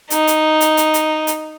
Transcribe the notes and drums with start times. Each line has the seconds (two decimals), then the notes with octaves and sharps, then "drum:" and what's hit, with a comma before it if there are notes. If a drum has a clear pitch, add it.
0.10 D#4, drum: hi-hat
0.27 drum: hi-hat
0.61 drum: hi-hat
0.77 drum: hi-hat
0.94 drum: hi-hat
1.27 drum: hi-hat